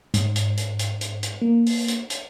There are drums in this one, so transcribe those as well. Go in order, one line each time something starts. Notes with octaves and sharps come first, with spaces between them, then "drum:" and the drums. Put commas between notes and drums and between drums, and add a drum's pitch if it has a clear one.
G#2, drum: hi-hat
drum: hi-hat
drum: hi-hat
drum: hi-hat
drum: hi-hat
drum: hi-hat
A#3
drum: open hi-hat
drum: hi-hat
drum: hi-hat